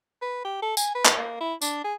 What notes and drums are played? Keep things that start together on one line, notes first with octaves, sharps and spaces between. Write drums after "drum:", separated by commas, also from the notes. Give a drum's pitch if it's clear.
B4
G4
A4
G#5, drum: tambourine
B4
drum: clap
A#3
E4
D4, drum: tambourine
G#4